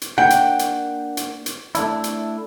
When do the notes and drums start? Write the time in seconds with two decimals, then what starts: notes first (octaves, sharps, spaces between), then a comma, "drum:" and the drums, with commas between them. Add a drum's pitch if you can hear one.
0.01 drum: hi-hat
0.18 A#3 D4 F#5 G5
0.30 drum: hi-hat
0.59 drum: hi-hat
1.17 drum: hi-hat
1.46 drum: hi-hat
1.75 A3 D4 E4, drum: hi-hat
2.04 drum: hi-hat